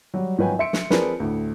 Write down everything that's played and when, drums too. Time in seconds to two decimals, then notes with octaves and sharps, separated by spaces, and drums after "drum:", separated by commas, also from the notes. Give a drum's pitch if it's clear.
0.14 F#3 G3
0.38 G#1 F3 F#3 B4 G5 G#5
0.59 E5 C6 C#7 D7
0.73 drum: snare
0.90 F3 C4 G#4 A#4 B4 D5, drum: snare
1.20 D2 A2